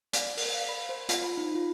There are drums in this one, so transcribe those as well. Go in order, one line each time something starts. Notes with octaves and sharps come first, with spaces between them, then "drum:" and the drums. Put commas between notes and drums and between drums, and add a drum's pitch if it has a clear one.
D5, drum: hi-hat
A#4, drum: open hi-hat
F5
B5
C5
F4, drum: hi-hat
B5
D#4
F4